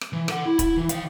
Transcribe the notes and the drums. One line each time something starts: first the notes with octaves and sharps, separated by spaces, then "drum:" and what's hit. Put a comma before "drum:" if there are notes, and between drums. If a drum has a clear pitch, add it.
drum: rim click
E3
A4 F#5, drum: rim click
E4
E4, drum: kick, hi-hat
E3
D#3 F5, drum: hi-hat